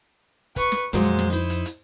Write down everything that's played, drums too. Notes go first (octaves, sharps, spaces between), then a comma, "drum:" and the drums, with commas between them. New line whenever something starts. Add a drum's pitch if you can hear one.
B4 C#6, drum: kick, hi-hat
drum: snare
F2 A#2 F#3 G#3 C5
drum: hi-hat
drum: snare
D#4 E4
drum: hi-hat
drum: hi-hat